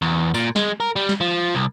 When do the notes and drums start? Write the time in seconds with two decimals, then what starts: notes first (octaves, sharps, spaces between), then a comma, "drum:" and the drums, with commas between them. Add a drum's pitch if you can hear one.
0.02 E2
0.34 A#2, drum: tambourine
0.56 G#3, drum: snare
0.80 A#4
0.96 G3
1.09 drum: snare
1.21 F3
1.55 C2